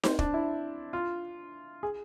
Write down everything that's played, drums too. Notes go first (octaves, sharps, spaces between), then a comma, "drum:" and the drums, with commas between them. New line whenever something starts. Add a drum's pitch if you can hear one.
C4, drum: snare D#4
D4, drum: kick
E4
F4
G#4